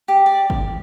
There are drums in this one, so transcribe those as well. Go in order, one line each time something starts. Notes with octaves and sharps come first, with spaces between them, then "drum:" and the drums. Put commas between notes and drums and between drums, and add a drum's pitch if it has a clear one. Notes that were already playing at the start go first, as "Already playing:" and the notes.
G4
D5
drum: kick G1